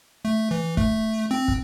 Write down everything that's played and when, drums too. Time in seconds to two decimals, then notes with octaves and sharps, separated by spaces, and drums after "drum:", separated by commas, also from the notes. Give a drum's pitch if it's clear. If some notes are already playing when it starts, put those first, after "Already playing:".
0.25 A3
0.51 E3
0.77 A3, drum: kick
1.31 C4
1.48 drum: kick